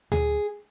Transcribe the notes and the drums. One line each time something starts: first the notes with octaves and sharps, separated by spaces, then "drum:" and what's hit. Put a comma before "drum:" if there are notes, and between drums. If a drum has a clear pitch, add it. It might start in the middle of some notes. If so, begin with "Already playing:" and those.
G#4, drum: tom D2